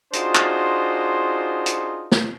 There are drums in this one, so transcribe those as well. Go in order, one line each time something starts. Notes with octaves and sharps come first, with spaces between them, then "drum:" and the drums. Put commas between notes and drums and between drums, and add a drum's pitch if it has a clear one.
D4 D#4 F4 F#4 G#4 C5, drum: hi-hat
drum: clap
drum: hi-hat
drum: snare